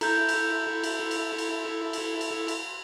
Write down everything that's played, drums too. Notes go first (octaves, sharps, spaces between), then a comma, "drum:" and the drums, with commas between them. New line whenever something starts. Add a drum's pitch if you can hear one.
E4 A4 A#5 G6, drum: cymbal
drum: cymbal
drum: cymbal
drum: cymbal
drum: cymbal
drum: cymbal
drum: cymbal
drum: cymbal